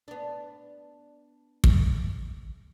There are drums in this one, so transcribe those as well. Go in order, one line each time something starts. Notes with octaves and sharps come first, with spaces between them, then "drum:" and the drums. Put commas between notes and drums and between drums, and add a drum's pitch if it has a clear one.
B3 D4
drum: kick